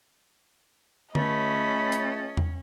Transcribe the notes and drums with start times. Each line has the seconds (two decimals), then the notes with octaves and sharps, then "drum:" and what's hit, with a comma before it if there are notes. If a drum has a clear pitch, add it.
1.15 C#2 A3 C#4 D#5 A5 B5, drum: tom D3
1.92 drum: hi-hat
2.37 drum: tom E2